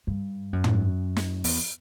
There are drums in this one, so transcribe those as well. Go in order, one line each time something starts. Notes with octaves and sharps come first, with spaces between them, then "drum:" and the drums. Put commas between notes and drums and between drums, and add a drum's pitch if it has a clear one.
G2
F#2
drum: tom
drum: snare
E2, drum: open hi-hat